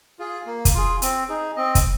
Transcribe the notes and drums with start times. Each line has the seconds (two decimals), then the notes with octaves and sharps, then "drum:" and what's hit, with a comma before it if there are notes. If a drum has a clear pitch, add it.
0.19 F4 G#4
0.46 A#3
0.65 drum: kick, hi-hat
0.75 F4 G#4
1.02 C4, drum: hi-hat
1.29 D#4 G#4
1.56 C4 D#5
1.75 drum: kick, hi-hat